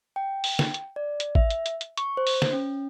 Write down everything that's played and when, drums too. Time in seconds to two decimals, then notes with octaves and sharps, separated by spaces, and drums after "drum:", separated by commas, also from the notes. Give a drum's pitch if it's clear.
0.16 G5
0.44 drum: open hi-hat
0.59 drum: snare
0.74 drum: hi-hat
0.96 D5
1.20 drum: hi-hat
1.35 E5, drum: kick
1.50 drum: hi-hat
1.66 drum: hi-hat
1.81 drum: hi-hat
1.97 C#6, drum: hi-hat
2.17 C5
2.27 drum: open hi-hat
2.42 drum: snare
2.53 C#4